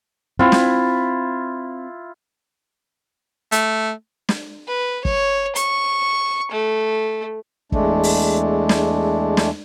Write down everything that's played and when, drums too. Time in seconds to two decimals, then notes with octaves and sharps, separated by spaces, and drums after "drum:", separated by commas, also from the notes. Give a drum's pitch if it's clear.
0.39 C4 E4 F4
0.52 drum: snare
3.52 A3, drum: hi-hat
4.29 drum: snare
4.68 B4
5.05 C#5, drum: kick
5.56 C#6, drum: hi-hat
6.51 A3
7.72 E2 G#3 A3 D4, drum: kick
8.03 drum: open hi-hat
8.69 drum: snare
9.37 drum: snare